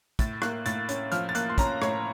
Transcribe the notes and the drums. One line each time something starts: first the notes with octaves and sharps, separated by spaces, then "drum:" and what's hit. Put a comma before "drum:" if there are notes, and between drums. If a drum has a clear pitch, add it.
A2 A6, drum: kick, hi-hat
A#3 F#6, drum: rim click
A2 A6, drum: hi-hat
C#4 A6, drum: hi-hat
F3 F6, drum: hi-hat
A6
A#3 F#6, drum: hi-hat
C6
C#4 A#5, drum: kick, hi-hat
A2 C#5, drum: rim click